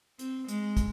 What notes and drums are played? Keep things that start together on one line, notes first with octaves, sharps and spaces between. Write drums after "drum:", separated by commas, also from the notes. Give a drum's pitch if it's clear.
C4, drum: hi-hat
G#3, drum: hi-hat
drum: kick, hi-hat